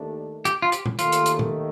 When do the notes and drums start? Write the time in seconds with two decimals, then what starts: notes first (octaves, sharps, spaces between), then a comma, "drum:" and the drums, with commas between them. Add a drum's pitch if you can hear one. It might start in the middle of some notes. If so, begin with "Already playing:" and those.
Already playing: D#2 D#3 A3 D4
0.45 G4, drum: hi-hat
0.62 F4
0.72 G4, drum: hi-hat
0.86 drum: tom A#2
0.99 D#2 D#3 A3 F4, drum: hi-hat
1.12 drum: hi-hat
1.26 drum: hi-hat
1.39 drum: tom A#2